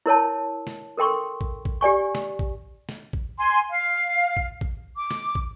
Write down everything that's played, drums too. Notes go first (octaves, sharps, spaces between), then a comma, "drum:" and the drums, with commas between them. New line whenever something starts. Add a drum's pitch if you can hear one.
E4 A#4 C#5 A5
drum: snare
A4 A#4 G5 C6 C#6
drum: kick
drum: kick
G4 D5 G#5 C#6
drum: snare
drum: kick
drum: snare
drum: kick
G#5 C6
F5
drum: kick
drum: kick
D6
drum: snare
drum: kick